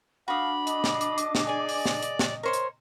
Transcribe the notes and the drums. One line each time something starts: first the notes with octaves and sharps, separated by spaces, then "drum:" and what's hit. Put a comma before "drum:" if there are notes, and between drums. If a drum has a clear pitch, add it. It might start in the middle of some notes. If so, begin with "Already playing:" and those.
D4 F#4 F5 B5 D6 D#6
D#5, drum: hi-hat
drum: snare
drum: hi-hat
drum: hi-hat
drum: snare
G#4 D5 G#5
drum: open hi-hat
drum: snare
drum: hi-hat
drum: snare
A#4 C5 C#5 C6
drum: hi-hat